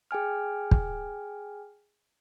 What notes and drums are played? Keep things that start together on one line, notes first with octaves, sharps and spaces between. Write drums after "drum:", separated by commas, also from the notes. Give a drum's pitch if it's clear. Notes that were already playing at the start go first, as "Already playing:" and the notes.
G#4 G5 G#5 F6
drum: kick